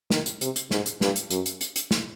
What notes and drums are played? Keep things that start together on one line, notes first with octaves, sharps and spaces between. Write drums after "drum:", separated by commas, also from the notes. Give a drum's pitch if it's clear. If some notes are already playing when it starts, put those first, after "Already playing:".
D#3, drum: snare
drum: hi-hat
C3, drum: hi-hat
drum: hi-hat
G#2, drum: snare
drum: hi-hat
G2, drum: snare
drum: hi-hat
F#2, drum: hi-hat
drum: hi-hat
drum: hi-hat
drum: hi-hat
drum: snare